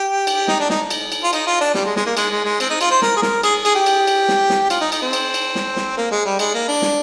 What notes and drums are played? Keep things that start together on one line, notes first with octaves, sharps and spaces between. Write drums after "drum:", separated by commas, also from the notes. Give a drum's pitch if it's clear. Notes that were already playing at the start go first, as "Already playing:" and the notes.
Already playing: G4
drum: cymbal
D#4, drum: snare
D4
D#4, drum: snare
drum: cymbal
drum: cymbal
F4
D#4, drum: cymbal
F4
D4
G3, drum: snare
G#3
G#3, drum: snare
A#3
G#3, drum: cymbal
G#3
G#3
C4, drum: cymbal
D#4
F4, drum: cymbal
C5
A#4, drum: snare
G#4
A#4, drum: snare
G#4, drum: cymbal
G#4, drum: cymbal
G4
drum: cymbal
drum: cymbal
drum: snare
drum: snare
F4, drum: cymbal
D#4
D#4, drum: cymbal
C4
drum: cymbal
drum: cymbal
drum: snare
drum: snare
A#3
G#3
G3
G#3, drum: cymbal
A#3
D4
drum: snare